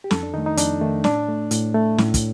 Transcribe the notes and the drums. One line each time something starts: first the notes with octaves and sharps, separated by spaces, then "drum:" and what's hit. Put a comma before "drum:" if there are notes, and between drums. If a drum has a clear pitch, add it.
G4
F2 A4, drum: snare
D4
D#3 A3 D#4
D#4
F2 D4, drum: hi-hat
D#3 A3
A2 D4, drum: snare
A3
A2, drum: hi-hat
A3
A2, drum: snare
drum: kick, hi-hat